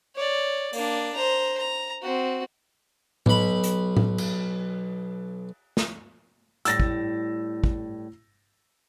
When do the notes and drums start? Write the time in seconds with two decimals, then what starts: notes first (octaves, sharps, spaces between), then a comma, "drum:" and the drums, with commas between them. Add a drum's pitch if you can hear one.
0.16 C#5 D5
0.73 A#3 D4, drum: open hi-hat
1.14 C5 A#5
1.58 A#5
2.02 C4 F#4
3.26 B1 B5, drum: tom A2
3.64 drum: hi-hat
3.97 drum: tom A2
4.18 drum: cymbal
5.77 drum: snare
6.65 A2 G3 E6 A6 A#6, drum: hi-hat
6.80 drum: kick
7.64 drum: kick